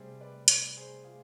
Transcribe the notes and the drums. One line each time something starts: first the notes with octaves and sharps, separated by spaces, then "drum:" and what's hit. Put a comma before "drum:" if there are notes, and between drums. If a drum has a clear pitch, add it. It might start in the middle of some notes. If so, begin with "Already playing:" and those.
Already playing: C3 G3 G#4 C5
B4 D5
B4 D5, drum: hi-hat
G#4 C5
F4 G#4